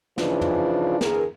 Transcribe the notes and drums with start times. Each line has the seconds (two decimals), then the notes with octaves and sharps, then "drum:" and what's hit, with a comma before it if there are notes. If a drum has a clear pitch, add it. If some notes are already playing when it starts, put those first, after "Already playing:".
0.18 C#3 E3 F3 D4 D#4 F4, drum: snare
0.41 drum: tom
1.01 E2 D3 G#4 A#4, drum: snare